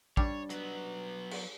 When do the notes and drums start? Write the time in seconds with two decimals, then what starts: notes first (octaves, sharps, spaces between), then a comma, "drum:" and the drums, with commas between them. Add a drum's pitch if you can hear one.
0.17 G3 D4 C#5, drum: kick
0.50 F#3 B3 B4, drum: hi-hat
1.31 drum: cymbal